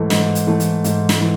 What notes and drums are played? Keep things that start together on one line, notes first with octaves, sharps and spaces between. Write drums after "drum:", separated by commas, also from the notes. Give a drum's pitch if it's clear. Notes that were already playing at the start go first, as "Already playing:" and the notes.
Already playing: G#2 E3 A3
G#2, drum: snare
drum: hi-hat
E3 A3
drum: hi-hat
G#2, drum: hi-hat
drum: snare
E3